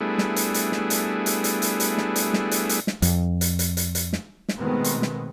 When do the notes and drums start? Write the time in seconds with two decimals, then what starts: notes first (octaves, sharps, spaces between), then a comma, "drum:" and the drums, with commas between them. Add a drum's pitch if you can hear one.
0.01 G3 A3 B3 D4 E4 G#4
0.18 drum: snare
0.36 drum: hi-hat
0.54 drum: hi-hat
0.72 drum: snare
0.90 drum: hi-hat
1.26 drum: hi-hat
1.44 drum: hi-hat
1.62 drum: hi-hat
1.80 drum: hi-hat
1.98 drum: snare
2.16 drum: hi-hat
2.33 drum: snare
2.51 drum: hi-hat
2.69 drum: hi-hat
2.87 drum: snare
3.02 F2, drum: hi-hat
3.41 drum: hi-hat
3.59 drum: hi-hat
3.77 drum: hi-hat
3.95 drum: hi-hat
4.13 drum: snare
4.49 drum: snare
4.59 B2 D#3 G#3 A3 B3 C4
4.84 drum: hi-hat
5.02 drum: snare